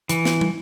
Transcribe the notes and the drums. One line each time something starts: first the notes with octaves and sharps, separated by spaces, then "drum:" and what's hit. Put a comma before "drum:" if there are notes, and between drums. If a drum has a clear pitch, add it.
E3, drum: hi-hat
drum: snare
drum: tom